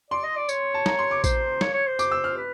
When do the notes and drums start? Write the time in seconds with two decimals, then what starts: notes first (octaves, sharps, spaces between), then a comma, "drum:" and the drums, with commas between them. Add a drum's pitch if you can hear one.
0.11 D5 C6
0.23 D#5
0.36 D5
0.49 C#5, drum: tambourine
0.74 A5
0.86 A#5, drum: snare
0.99 C6
1.11 D6
1.24 C5, drum: kick A#1, tambourine
1.61 C#5, drum: snare
1.74 C#5
1.86 C5
1.99 D6, drum: tambourine
2.11 E6
2.24 F6
2.37 B4